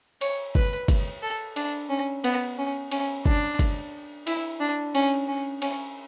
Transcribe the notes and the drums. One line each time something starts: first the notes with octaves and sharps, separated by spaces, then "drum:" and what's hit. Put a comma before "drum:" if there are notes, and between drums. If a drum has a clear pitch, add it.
C#5, drum: cymbal
B4, drum: kick G1
drum: kick G1, cymbal
A4
D4, drum: cymbal
C#4
B3, drum: cymbal
C#4
C#4, drum: cymbal
D4, drum: kick G1
drum: kick G1, cymbal
E4, drum: cymbal
D4
C#4, drum: cymbal
C#4
C#4, drum: cymbal